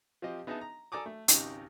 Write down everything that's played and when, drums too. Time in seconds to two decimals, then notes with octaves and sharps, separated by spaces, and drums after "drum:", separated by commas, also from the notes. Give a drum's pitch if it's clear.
0.22 F3 C4 G4 D#5
0.47 B3 D#4 G#4 D#5 E5 A5
0.61 A#5
0.92 A4 D5 G#5 A#5 D6 D#6
1.06 A3
1.28 G#1 C#2 D#4 G4, drum: hi-hat